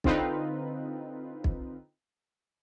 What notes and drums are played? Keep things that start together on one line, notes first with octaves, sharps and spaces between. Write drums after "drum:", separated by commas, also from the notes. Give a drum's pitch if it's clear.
D3 C4 D#4 F4 B4, drum: kick
drum: kick